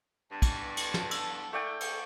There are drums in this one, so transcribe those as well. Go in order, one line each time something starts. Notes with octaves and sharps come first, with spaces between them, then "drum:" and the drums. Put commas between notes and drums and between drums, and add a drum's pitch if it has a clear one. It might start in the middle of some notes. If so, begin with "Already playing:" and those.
G2 B3 A5
drum: kick, cymbal
drum: cymbal
drum: snare
E6, drum: cymbal
A3 A#3 E4 D5 F#5 G5
D4 G#4, drum: cymbal